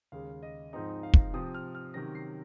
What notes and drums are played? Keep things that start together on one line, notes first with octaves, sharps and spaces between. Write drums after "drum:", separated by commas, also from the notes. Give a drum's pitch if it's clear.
D#2 C#3 G#3 F5
D#5
G#2 F3 C4 D#4 D#5
F5
drum: kick
C3 F3 C4 D#6
F6
F6
C3 D#3 F#3 C#4 A#6
C7